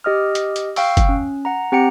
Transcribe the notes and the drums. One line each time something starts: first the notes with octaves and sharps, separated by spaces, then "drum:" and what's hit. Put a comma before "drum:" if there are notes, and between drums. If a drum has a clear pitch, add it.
G4 D#5 D#6 F6
drum: hi-hat
drum: hi-hat
F5 G5 C#6 E6, drum: open hi-hat
drum: kick F#1, hi-hat
C#4
F#5 A#5
C4 G4 F#5 G5 A#5 C#7